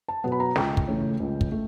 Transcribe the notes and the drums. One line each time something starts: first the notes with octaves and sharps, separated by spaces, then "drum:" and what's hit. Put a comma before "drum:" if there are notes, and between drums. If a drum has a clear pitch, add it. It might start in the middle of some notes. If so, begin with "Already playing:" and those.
A5
B2 F#3 B3
B5
A#5
C#2 G5, drum: snare
drum: kick
C#3 E3 A3
C#2
drum: kick
A3